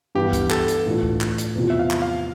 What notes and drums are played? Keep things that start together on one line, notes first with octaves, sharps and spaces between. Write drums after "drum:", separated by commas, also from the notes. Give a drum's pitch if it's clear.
G2 E3 B3 D4 G4
drum: kick C#2, hi-hat
A4, drum: clap
drum: hi-hat
A2 E3 A3 D4 F4
drum: kick C#2
drum: clap
drum: hi-hat
E2 C3 F3
E5
F5
drum: clap
F5